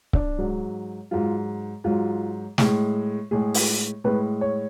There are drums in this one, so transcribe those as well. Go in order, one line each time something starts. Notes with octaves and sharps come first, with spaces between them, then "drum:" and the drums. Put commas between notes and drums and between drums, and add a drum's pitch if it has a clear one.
D4, drum: kick C#1
G#2 F#3
G#2 F#3 F4
G#2 F#3 F4
A2 G#3, drum: snare
A2 G#3 G#4
drum: open hi-hat
A2 G#3 B4
C#5